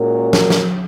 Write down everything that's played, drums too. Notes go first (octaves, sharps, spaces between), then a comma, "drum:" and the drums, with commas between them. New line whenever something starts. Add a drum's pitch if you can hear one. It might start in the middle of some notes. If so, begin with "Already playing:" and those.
Already playing: A#2 G#3 C#4 F#4 A#4
drum: snare
drum: snare